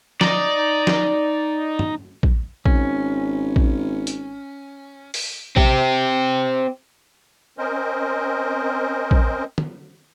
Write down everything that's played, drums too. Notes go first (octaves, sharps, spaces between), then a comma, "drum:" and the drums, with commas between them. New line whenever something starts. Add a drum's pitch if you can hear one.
D#4 D5 D#5, drum: snare
drum: snare
drum: tom
drum: kick A#1
G#1 C#4, drum: kick A#1
drum: kick A#1
drum: hi-hat
drum: open hi-hat
C4 G4, drum: kick A#1
C4 C#4 A#4 C5 D#5
drum: kick A#1
drum: tom